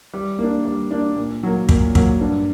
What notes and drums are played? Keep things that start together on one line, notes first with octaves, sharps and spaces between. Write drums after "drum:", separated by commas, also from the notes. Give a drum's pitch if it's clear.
G3
A#3 D4
G3
A#3 D4
A#2
F#3 A#3
A#2, drum: kick
F#3 A#3, drum: kick
G2